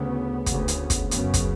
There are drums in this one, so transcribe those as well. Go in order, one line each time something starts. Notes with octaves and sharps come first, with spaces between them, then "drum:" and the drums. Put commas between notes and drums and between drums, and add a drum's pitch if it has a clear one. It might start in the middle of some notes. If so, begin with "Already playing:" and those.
Already playing: D2 C#3 B3
D2 C#3, drum: kick, hi-hat
drum: hi-hat
drum: kick, hi-hat
F#2 C#3 B3, drum: hi-hat
drum: kick, hi-hat